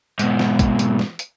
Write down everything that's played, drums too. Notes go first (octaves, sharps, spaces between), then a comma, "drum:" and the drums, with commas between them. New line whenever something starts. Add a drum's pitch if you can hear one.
G#2 B2, drum: hi-hat
drum: snare
drum: kick, hi-hat
drum: hi-hat
drum: snare
drum: hi-hat